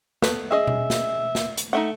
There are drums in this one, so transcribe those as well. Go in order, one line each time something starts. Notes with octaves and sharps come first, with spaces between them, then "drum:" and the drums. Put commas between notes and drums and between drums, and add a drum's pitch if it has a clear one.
A3 B3 B4, drum: snare
C#4 G#4 D#5 E5
drum: tom B2
drum: snare
drum: snare
drum: hi-hat
A3 D#4 E5 F#5